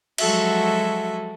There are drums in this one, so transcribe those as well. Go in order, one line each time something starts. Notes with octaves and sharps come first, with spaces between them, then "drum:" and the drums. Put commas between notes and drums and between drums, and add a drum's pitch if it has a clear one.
F3 F#3 G#3 F#4 A4 E5, drum: cymbal